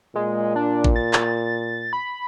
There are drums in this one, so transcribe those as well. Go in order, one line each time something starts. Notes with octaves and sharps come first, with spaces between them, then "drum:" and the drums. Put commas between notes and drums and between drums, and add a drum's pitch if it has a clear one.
A#2 G#3
D4
drum: kick A1
A6
drum: clap
B5